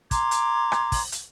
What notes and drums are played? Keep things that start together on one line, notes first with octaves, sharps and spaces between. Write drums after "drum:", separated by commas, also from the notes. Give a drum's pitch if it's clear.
A#5 C6 D6 G#6, drum: kick, hi-hat
drum: hi-hat
drum: rim click
drum: kick, open hi-hat
drum: hi-hat